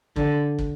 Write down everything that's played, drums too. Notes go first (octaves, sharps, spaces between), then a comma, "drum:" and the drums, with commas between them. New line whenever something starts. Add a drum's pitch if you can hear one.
D3, drum: kick
drum: kick